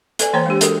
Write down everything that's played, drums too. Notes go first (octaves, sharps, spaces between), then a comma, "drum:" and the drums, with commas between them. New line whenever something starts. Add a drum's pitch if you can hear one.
A4 B4 D5 G#5, drum: hi-hat
E3 A#3 C5 C#5 G5 A#5
G#3 D4 G4
F#4 A4 A#4, drum: hi-hat